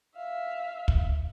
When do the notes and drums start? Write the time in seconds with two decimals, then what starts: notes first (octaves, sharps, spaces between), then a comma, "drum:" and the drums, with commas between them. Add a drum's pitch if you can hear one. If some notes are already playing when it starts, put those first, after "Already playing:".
0.16 E5 F5
0.88 drum: kick